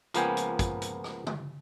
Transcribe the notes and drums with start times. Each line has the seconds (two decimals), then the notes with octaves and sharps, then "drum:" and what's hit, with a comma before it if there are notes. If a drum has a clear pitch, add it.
0.14 C#2 F3 A#3 B3 G5 G#5, drum: hi-hat
0.37 drum: hi-hat
0.59 drum: kick, hi-hat
0.82 drum: hi-hat
1.04 drum: rim click
1.27 drum: tom C#3